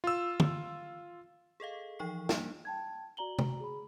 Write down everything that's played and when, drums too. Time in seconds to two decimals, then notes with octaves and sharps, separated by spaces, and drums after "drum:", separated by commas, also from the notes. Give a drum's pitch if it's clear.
0.04 F4 E6
0.40 drum: tom
1.60 G#4 A4 D#5 F5
1.99 E3 F3 D#4 G5 C#6 C7
2.29 G3 A#3 D4 D#4, drum: snare
2.65 G5 A5 G#6
3.17 F#4 D5 A#5 F#7 G7
3.39 drum: tom C3
3.60 G#4 B5